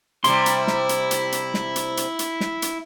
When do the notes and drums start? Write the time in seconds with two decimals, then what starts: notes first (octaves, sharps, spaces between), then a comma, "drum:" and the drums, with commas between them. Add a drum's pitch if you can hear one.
0.24 C3 G3 E4 C6, drum: hi-hat
0.46 drum: hi-hat
0.68 drum: snare
0.89 drum: hi-hat
1.11 drum: hi-hat
1.32 drum: hi-hat
1.54 drum: snare
1.76 drum: hi-hat
1.97 drum: hi-hat
2.19 drum: hi-hat
2.41 drum: snare
2.62 drum: hi-hat